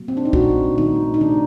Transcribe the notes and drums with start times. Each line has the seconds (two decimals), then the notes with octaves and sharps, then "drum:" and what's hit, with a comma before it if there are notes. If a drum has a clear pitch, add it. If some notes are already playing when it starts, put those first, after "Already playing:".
Already playing: C3 F#3 A#3
0.08 C4
0.17 D4
0.25 D#4
0.33 A#2 G3 A#3 F#4, drum: kick
0.78 A#2 A3 D#4, drum: tom
1.14 D#4
1.20 C3 D#3 A3 D4